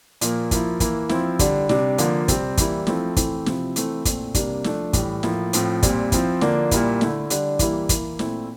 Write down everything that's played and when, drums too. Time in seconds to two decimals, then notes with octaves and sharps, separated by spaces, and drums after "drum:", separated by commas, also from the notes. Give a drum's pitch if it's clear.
0.21 A#2 F3 A#3, drum: hi-hat
0.51 F3 A#3 E4, drum: kick, hi-hat
0.80 E3 A#3 E4, drum: kick, hi-hat
1.09 F3 C4 E4, drum: snare
1.39 D3 G3 D4, drum: kick, hi-hat
1.69 C3 G3 D4, drum: snare
1.98 D3 F3 A#3 D4, drum: hi-hat
2.28 C3 G3 C4, drum: kick, hi-hat
2.57 E3 G3 A#3 E4, drum: kick, hi-hat
2.87 F3 A3 C4 E4, drum: snare
3.16 E3 A3 C4 E4, drum: kick, hi-hat
3.46 C3 F3 C4 E4, drum: snare
3.76 E3 A3 C4 E4, drum: hi-hat
4.05 A#2 A3 C4, drum: kick, hi-hat
4.34 C3 G3 A#3 D4, drum: kick, hi-hat
4.64 F3 A3 D4, drum: snare
4.93 A2 E3 G3, drum: kick, hi-hat
5.23 A2 F3 A#3 E4, drum: snare
5.53 A2 F3 C4, drum: hi-hat
5.83 A#2 G3 C4, drum: kick, hi-hat
6.12 F3 C4 E4, drum: kick, hi-hat
6.41 D3 F3 A#3 D4, drum: snare
6.71 A#2 G3 A#3 E4, drum: kick, hi-hat
7.01 D3 A3 E4, drum: snare
7.30 D3 G3 D4, drum: hi-hat
7.59 E3 G3 A#3 E4, drum: kick, hi-hat
7.89 E3 A#3 E4, drum: kick, hi-hat
8.19 A#2 A3 C4 E4, drum: snare